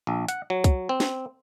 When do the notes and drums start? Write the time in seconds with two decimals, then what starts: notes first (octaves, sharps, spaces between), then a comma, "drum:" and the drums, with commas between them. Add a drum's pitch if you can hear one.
0.07 A#1
0.28 F#5, drum: hi-hat
0.50 F#3
0.64 drum: kick C2, hi-hat
0.89 C4
1.00 drum: snare